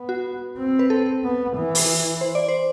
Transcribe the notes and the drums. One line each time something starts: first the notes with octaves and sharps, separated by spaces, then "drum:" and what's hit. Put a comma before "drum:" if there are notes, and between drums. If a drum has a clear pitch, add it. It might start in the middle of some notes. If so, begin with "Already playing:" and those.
Already playing: B3
F#4
C4
B4
A4
B3
E3
drum: open hi-hat
C5
D5
C5